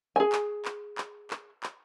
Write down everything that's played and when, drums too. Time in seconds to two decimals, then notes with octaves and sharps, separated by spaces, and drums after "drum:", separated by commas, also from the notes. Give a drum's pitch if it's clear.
0.16 G#4 G#5
0.32 drum: clap
0.65 drum: clap
0.98 drum: clap
1.30 drum: clap
1.63 drum: clap